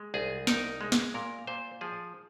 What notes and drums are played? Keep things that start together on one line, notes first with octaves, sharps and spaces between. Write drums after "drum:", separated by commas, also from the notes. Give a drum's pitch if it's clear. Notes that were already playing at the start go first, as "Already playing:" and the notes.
Already playing: G#3
C2 G#4
D#4 A#4, drum: snare
G#3
drum: snare
A#2 A#4
A#2 C5
F3 G#4